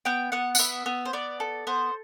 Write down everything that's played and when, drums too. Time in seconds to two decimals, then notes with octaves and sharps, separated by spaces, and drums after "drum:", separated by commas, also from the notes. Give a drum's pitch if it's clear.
0.05 B3 G5
0.32 B3 F#5
0.55 F#5, drum: tambourine
0.59 B3 E5
0.86 B3
1.05 C5
1.13 B3 D5
1.40 A4
1.67 B3 C5